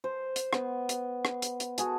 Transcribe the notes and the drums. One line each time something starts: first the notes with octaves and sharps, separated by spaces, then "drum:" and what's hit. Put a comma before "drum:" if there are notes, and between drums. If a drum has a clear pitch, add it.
C5
drum: hi-hat
B3, drum: rim click
drum: hi-hat
drum: rim click
drum: hi-hat
drum: hi-hat
F#4 G#4 A4, drum: hi-hat